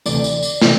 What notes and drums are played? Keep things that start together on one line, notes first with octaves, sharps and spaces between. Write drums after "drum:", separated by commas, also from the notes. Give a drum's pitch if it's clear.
D2 C3 E3 A3 D5, drum: tambourine
drum: tambourine
drum: tambourine
C3 E3 A3, drum: snare